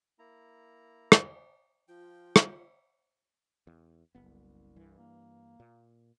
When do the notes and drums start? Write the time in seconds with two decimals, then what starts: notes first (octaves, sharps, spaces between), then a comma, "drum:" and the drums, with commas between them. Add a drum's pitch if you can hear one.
0.19 A#3 E4 A#5
1.12 drum: rim click
1.88 F3 F4 G5
2.36 drum: rim click
3.67 E2
4.15 F#1 C2 B3
4.76 G2 E3
4.98 A#3
5.60 A#2